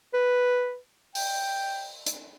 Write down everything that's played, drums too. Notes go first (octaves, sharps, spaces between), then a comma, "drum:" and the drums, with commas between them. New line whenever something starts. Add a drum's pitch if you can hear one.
B4
G5, drum: open hi-hat
drum: hi-hat